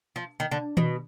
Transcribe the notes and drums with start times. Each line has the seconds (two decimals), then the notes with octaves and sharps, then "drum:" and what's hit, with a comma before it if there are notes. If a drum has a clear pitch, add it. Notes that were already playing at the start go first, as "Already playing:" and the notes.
0.16 F3
0.40 D#3
0.51 D3
0.77 B2, drum: tom D#3